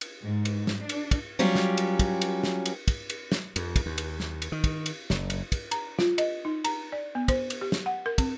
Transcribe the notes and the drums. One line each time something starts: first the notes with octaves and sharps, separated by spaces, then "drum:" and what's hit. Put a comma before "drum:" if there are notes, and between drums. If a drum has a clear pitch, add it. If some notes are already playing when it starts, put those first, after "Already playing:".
drum: cymbal
G#2
drum: cymbal
drum: snare
D4
drum: cymbal
drum: kick, cymbal
F#3 G3 C#4 F4 G4
drum: snare
drum: cymbal
drum: kick, cymbal
drum: cymbal
drum: snare
drum: cymbal
drum: kick, cymbal
drum: cymbal
drum: snare
F2, drum: cymbal
drum: kick, cymbal
D#2
drum: cymbal
drum: snare
drum: cymbal
D#3
drum: kick, cymbal
drum: cymbal
F#1, drum: snare
drum: cymbal
drum: kick, cymbal
A#5, drum: cymbal
F4, drum: snare
D#5, drum: cymbal
D#4
A#5, drum: cymbal
D5
B3
C5, drum: kick, cymbal
drum: cymbal
G4
drum: snare
F#5
A#4
C4, drum: kick, cymbal